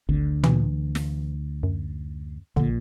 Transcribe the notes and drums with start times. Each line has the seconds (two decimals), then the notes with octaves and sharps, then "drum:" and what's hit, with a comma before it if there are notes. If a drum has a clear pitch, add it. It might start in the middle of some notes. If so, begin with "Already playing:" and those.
0.09 G#1 D2 D3
0.44 E3, drum: tom
0.95 drum: snare
1.63 F#2
2.56 A#1 A#2 D3, drum: kick